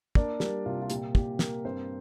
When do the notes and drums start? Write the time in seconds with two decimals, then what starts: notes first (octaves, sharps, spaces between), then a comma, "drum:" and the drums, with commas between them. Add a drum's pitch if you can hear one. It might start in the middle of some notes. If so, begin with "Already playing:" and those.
0.15 A#3 D4 D5, drum: kick
0.40 G3 A#3 A#4, drum: snare
0.66 C3 F4
0.82 F4
0.90 A#2 G4, drum: hi-hat
1.15 A#2 G4, drum: kick
1.39 A#3 A#4, drum: snare
1.65 G2 C4 C5